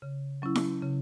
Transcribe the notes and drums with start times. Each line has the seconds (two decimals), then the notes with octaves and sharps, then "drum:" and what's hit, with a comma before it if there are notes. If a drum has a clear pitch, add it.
0.02 C#3
0.42 F#3 C#4 E4
0.55 drum: snare E4
0.82 C#3